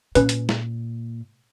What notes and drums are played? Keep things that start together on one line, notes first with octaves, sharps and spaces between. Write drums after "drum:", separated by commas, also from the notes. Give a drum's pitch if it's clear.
A#2 C#4 B4, drum: hi-hat
drum: hi-hat
drum: snare